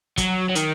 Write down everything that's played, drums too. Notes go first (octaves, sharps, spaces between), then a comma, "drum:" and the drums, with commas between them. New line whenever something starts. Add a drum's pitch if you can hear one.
F#3, drum: kick, hi-hat
F#3
D#3, drum: hi-hat